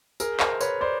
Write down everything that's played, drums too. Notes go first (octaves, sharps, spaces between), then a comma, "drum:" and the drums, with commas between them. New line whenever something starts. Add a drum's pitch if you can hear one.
G#4 A#4, drum: tambourine
A#4 C5, drum: clap
B4 C#5, drum: tambourine
C5 D5